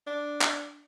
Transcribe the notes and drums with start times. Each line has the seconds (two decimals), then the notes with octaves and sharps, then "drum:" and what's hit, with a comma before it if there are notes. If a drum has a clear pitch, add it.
0.07 D4
0.41 drum: clap